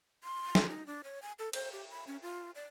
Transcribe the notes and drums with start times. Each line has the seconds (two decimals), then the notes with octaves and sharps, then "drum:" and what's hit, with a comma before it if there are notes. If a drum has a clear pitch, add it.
0.24 C6
0.55 drum: snare
0.69 D#4
0.86 D4
1.04 C#5
1.22 G#5
1.39 A4
1.53 C5, drum: cymbal
1.72 G4
1.90 B5
2.07 C#4
2.22 F4
2.55 D5